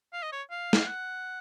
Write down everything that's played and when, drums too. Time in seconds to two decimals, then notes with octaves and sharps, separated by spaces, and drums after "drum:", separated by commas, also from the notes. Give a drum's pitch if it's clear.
0.13 F5
0.22 D#5
0.32 C#5
0.51 F5
0.73 drum: snare
0.87 F#5